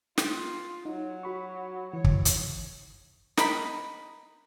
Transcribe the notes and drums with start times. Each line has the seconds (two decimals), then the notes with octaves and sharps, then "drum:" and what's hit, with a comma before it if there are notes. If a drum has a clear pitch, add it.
0.18 F4, drum: snare
0.85 F#3 D#4
1.23 F#4 B5 C#6
1.93 E3 C#5
2.04 drum: kick
2.25 drum: hi-hat
3.37 A#4 D#5 G5 B5, drum: snare